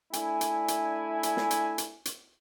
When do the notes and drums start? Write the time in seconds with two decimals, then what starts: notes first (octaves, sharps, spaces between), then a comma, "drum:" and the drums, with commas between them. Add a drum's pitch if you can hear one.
0.13 A3 D4 E4 G#5, drum: hi-hat
0.41 drum: hi-hat
0.68 drum: hi-hat
1.23 drum: hi-hat
1.37 drum: snare
1.51 drum: hi-hat
1.78 drum: hi-hat
2.05 drum: hi-hat